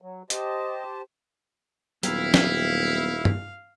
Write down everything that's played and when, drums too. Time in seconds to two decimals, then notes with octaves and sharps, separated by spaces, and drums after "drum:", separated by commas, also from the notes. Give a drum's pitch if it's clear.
0.02 F#3
0.30 G4 C5 D#5 A5, drum: hi-hat
2.03 D#1 F#3 B3 E4 G4 F5, drum: hi-hat
2.34 drum: snare
3.25 drum: tom G2